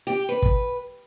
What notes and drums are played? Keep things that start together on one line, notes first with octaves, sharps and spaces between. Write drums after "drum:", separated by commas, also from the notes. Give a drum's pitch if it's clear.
G4
B4
drum: kick